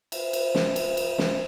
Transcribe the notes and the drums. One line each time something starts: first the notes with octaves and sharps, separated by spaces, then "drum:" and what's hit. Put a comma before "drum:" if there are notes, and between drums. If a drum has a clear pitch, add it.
B4 C5 E5, drum: cymbal
drum: cymbal
drum: snare
drum: cymbal
drum: cymbal
drum: snare